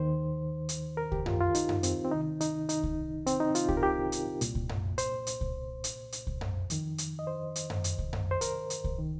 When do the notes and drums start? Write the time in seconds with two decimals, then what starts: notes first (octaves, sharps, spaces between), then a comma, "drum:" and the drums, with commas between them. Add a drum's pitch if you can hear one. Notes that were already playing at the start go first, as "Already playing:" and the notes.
Already playing: D#2 D#3 C5
0.69 drum: hi-hat
0.97 A#4
1.12 G4, drum: kick C2
1.26 F4, drum: tom F#2
1.40 F4
1.55 D#4, drum: hi-hat
1.69 drum: tom F#2
1.83 C4, drum: hi-hat
2.05 C4
2.11 C2 C3 D#3 D#4
2.41 D#4, drum: hi-hat
2.69 D#4, drum: hi-hat
2.83 drum: kick C2
3.27 C4, drum: hi-hat
3.40 D#4
3.55 F4, drum: hi-hat
3.69 G4, drum: kick C2
3.77 A#4
3.83 G4
4.12 drum: hi-hat
4.41 C2 A#2, drum: hi-hat
4.55 drum: kick C2
4.69 drum: tom F#2
4.98 C5, drum: hi-hat
5.27 drum: hi-hat
5.41 drum: kick C2
5.84 drum: hi-hat
6.12 drum: hi-hat
6.27 drum: kick C2
6.41 drum: tom F#2
6.70 F2 D#3, drum: hi-hat
6.98 drum: hi-hat
7.19 D#5
7.27 C5
7.56 drum: hi-hat
7.70 drum: tom F#2
7.84 drum: hi-hat
7.98 drum: kick C2
8.13 drum: tom F#2
8.31 C5
8.41 A#4, drum: hi-hat
8.70 drum: hi-hat
8.84 drum: kick C2
8.99 D#3